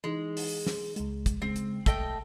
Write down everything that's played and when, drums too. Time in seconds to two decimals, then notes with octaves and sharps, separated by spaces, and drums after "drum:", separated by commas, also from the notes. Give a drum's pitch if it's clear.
0.04 E3 G#3 D#4
0.37 drum: open hi-hat
0.67 drum: snare
0.96 C#2 G#3, drum: hi-hat
1.26 drum: kick, hi-hat
1.42 C#3 G#3 C4
1.56 drum: hi-hat
1.86 B1 A3 D#5 G5, drum: kick, hi-hat